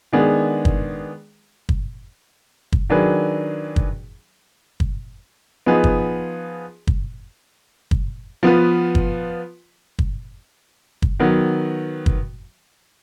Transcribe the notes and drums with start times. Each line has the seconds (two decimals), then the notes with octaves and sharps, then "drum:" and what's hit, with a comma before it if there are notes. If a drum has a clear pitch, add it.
0.13 D#3 G#3 B3 D4 G#4
0.65 drum: kick
1.69 drum: kick
2.72 drum: kick
2.90 D#3 F#3 D4 G#4 B4
3.76 drum: kick
4.80 drum: kick
5.66 F3 B3 D#4 G#4 B4
5.84 drum: kick
6.87 drum: kick
7.91 drum: kick
8.43 F3 B3 F4 B4
8.95 drum: kick
9.99 drum: kick
11.02 drum: kick
11.20 D#3 F#3 B3
12.06 drum: kick